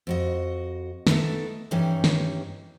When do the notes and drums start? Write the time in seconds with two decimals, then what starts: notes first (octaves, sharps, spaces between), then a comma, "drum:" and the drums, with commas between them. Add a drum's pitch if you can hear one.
0.07 F2 F#4 D#5
1.07 A3 B3 D#4 E4 A4, drum: snare
1.71 G2 E3 G3 C#4 D#4
2.04 drum: snare